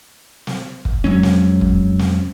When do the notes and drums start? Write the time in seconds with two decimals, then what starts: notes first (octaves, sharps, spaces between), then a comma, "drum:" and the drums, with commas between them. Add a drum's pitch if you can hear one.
0.47 drum: snare
0.85 drum: kick
1.04 F2 F#3 G#3 C#4
1.23 drum: snare
1.61 drum: kick
1.99 drum: snare